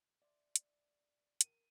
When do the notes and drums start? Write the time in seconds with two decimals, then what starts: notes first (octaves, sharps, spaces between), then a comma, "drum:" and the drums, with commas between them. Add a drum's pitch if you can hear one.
0.22 D5 E5 C6
0.56 drum: hi-hat
1.41 A#4 D#7, drum: hi-hat